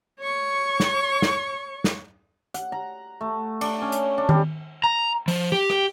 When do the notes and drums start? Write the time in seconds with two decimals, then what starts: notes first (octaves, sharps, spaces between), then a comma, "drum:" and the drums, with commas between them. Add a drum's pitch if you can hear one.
0.21 C#5 C#6
0.80 drum: snare
1.22 drum: snare
1.84 drum: snare
2.54 F#5, drum: hi-hat
2.72 A#5
3.21 A3
3.61 D4, drum: cymbal
3.82 C#4
3.92 drum: hi-hat
4.18 D4
4.29 G3, drum: tom D#3
4.84 A#5
5.28 F3, drum: open hi-hat
5.52 G4
5.70 drum: rim click